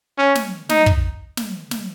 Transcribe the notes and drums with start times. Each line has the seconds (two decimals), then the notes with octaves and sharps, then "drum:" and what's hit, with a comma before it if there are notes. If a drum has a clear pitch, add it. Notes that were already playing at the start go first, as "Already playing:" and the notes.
0.18 C#4
0.35 drum: snare
0.69 D#4, drum: snare
0.86 drum: kick
1.37 drum: snare
1.71 drum: snare